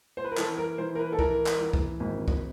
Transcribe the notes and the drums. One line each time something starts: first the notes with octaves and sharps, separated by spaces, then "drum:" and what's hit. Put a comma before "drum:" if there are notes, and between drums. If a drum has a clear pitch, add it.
C5
B4
A#4
E3 A4, drum: clap
A#4
E3 C5
A#4
B4
A4
E3 A#4, drum: kick
drum: clap
E3
drum: kick
G#1
drum: kick